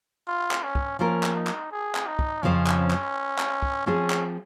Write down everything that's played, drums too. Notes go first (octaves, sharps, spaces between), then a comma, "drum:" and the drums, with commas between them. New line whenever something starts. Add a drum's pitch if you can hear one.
F4
drum: clap
C#4
drum: kick
F3 A#3 C#4 F4 A#4
drum: clap
D#4
drum: clap
G#4
drum: clap
D#4
drum: kick
F2 C#3 F3 C4 C#4 F4
drum: clap
drum: clap
drum: clap
drum: kick
F3 C4 C#4 F4 G#4
drum: clap